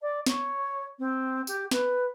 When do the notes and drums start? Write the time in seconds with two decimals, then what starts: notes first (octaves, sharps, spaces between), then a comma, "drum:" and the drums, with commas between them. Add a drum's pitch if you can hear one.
0.01 D5
0.26 C#5, drum: snare
0.99 C4
1.47 G4, drum: tambourine
1.71 B4, drum: snare